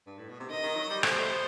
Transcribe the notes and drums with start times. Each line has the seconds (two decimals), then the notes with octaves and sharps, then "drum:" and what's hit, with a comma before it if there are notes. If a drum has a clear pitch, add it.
0.07 G2
0.18 A2
0.29 B2
0.40 C3
0.50 D#3 D#5
0.64 D#3
0.76 F#3
0.90 G3
1.03 A3 C5, drum: rim click
1.11 G3
1.18 A3
1.30 B3